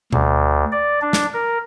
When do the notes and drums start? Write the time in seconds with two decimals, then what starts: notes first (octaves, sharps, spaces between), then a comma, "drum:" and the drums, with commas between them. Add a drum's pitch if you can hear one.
0.13 D2, drum: tom B2
0.72 D5
1.02 D4
1.13 drum: snare
1.34 A#4